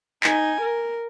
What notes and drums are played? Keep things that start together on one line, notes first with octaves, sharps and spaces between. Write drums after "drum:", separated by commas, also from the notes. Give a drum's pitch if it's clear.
D#4 G#5, drum: clap
A#4